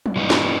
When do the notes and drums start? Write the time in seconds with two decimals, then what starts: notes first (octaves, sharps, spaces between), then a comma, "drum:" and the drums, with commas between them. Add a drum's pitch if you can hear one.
0.06 drum: tom F#3
0.16 G2 E3 G3 B3 D#4
0.30 drum: snare